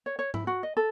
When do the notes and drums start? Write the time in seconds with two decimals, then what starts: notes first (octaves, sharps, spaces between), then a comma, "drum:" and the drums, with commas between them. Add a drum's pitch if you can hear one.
0.06 C#5
0.19 C#5
0.34 E4, drum: tom
0.47 F#4
0.63 D#5
0.77 A4